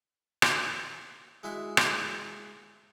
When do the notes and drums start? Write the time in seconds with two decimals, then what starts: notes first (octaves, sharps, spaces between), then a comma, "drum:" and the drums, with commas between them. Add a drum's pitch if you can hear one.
0.42 drum: rim click
1.43 G#3 E4 F#4 E5
1.77 drum: rim click